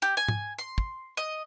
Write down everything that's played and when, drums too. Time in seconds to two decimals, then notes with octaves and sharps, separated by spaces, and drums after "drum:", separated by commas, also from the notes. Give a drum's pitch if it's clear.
0.02 G4
0.17 G#5
0.28 drum: tom G#2
0.58 C6
0.78 drum: kick
1.17 D#5